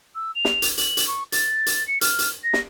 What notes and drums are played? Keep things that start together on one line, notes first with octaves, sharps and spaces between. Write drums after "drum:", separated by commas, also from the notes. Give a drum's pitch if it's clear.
E6
F7
drum: snare
drum: hi-hat
F#7, drum: hi-hat
drum: hi-hat
C#6
A6, drum: hi-hat
drum: hi-hat
C#7
F6, drum: hi-hat
drum: hi-hat
A#6
drum: snare